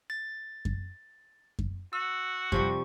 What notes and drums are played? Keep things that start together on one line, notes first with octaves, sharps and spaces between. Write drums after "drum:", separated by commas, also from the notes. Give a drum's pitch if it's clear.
A6
drum: kick F#2
drum: kick F#2
F#4 E6
C3 F3 G3 C#6, drum: kick F#2